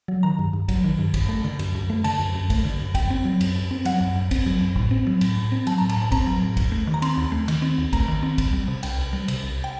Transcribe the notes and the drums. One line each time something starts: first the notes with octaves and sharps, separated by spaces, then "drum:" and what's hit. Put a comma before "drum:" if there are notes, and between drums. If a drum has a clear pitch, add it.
F#3
D#3 A#5
G2
G2
F#3, drum: kick, cymbal
D#3
G2
F#2, drum: kick, cymbal
A3
D3
F#2, drum: cymbal
F#2
A3
D3 A5, drum: cymbal
F#2
F#2
A3, drum: kick, cymbal
D3
F#2
F#2 G5, drum: kick, cymbal
C4
F#3
F#2, drum: cymbal
F#2
C4
F#3 F#5, drum: cymbal
F#2
F#2
C4, drum: kick, cymbal
F#3
F#2
A2, drum: kick
C4
F#3
A2, drum: cymbal
A2
C4
F#3 A5, drum: cymbal
A2 A#5
A5, drum: cymbal
A2
A5
C4 A#5, drum: kick, cymbal
F#3
A2
D#2, drum: kick, cymbal
A3
D#3
A#5
C4 C6, drum: cymbal
D#2
A3
D#3, drum: cymbal
C4
D#2
A3 A#5, drum: kick, cymbal
D#3
C4
C2, drum: kick, cymbal
G3
C3
C2 G5, drum: cymbal
C2
G3
C3, drum: cymbal
C2
G5